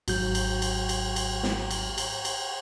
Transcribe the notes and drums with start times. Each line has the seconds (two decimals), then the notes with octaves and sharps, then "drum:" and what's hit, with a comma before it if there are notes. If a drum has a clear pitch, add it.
0.08 G#1 G#2 F#3 F#4 G6, drum: cymbal
0.35 drum: cymbal
0.62 drum: cymbal
0.89 drum: cymbal
1.16 drum: cymbal
1.43 drum: snare
1.71 drum: cymbal
1.98 drum: cymbal
2.25 drum: cymbal